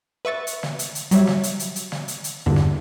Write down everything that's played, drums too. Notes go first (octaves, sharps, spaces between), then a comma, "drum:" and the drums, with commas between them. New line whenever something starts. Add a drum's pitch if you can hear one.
B4 E5 C#6 A6
drum: hi-hat
drum: snare
drum: hi-hat
drum: hi-hat
F#3 G3 C#5 E5, drum: hi-hat
drum: snare
drum: hi-hat
drum: hi-hat
drum: hi-hat
drum: snare
drum: hi-hat
drum: hi-hat
E2 G2 A#2 D3
drum: snare